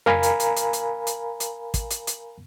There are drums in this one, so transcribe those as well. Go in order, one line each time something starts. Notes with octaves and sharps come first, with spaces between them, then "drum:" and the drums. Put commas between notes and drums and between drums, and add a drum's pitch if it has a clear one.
A#4 F5 G#5 A#5 B5, drum: tom F2
drum: hi-hat
drum: hi-hat
drum: hi-hat
drum: hi-hat
drum: hi-hat
drum: hi-hat
drum: kick, hi-hat
drum: hi-hat
drum: hi-hat